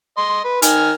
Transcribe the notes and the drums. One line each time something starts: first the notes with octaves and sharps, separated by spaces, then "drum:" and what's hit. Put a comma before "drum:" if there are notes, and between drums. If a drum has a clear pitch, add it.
D#5 C6
B4
D#3 G#5 F6, drum: hi-hat